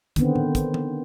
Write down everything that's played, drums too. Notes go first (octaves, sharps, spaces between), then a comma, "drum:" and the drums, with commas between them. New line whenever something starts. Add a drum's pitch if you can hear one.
D3 D#3 B3 C4, drum: kick, hi-hat
drum: tom
drum: kick, hi-hat
drum: tom